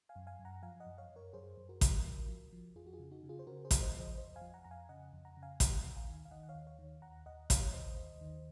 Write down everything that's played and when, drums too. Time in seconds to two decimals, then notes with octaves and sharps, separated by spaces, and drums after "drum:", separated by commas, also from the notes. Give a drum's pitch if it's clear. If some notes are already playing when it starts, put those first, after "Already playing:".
0.09 F5 G#5
0.16 F#2
0.27 F5 G#5
0.39 F#2
0.45 F#5 A#5
0.62 F3 F5 G#5
0.80 D#5 F#5
0.86 F#2
0.98 C#5 F5
1.10 F#2
1.16 A#4 C#5
1.33 F#2 G#4 C5
1.58 F#2
1.69 F#4 A#4
1.81 F3, drum: kick A1, hi-hat
2.05 F3
2.28 F3
2.53 F3
2.76 F2 F4 G#4
2.87 F#4
2.93 F4 G#4
2.99 C#3
3.11 D#4 F#4
3.23 C#3
3.29 F4 G#4
3.39 C5
3.47 C#3 F#4 A#4
3.65 G#4 C5
3.71 F3, drum: kick A1, hi-hat
3.82 C5 D#5
3.95 F3
4.00 C5 D#5
4.18 F2 C5 D#5
4.36 F5 G#5
4.42 F3
4.54 F#5 A#5
4.64 F2 A#5
4.71 F5 G#5
4.89 C#3 D#5 F#5
5.13 F2
5.25 F#5 A#5
5.37 C#3
5.42 F5 G#5
5.60 D#2 F#5 A#5, drum: kick A1, hi-hat
5.84 D#2
5.95 F5 G#5
6.08 D#3
6.25 F5
6.31 D#3 D#5 F#5
6.43 F#5
6.49 C#5 F5
6.55 D#2
6.67 C#5 F5
6.79 D#3
7.02 D#2 F#5 A#5
7.26 D#2 D#5 F#5
7.50 D#2 C#5 F5, drum: kick A1, hi-hat
7.73 D#2 C5 D#5
7.97 D#2
8.21 D#3